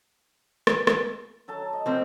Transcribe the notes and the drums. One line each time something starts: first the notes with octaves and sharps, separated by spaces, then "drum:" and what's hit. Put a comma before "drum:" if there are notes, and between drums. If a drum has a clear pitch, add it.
drum: rim click
drum: rim click
F#3 A4 A5
D#5
F3 A3 C4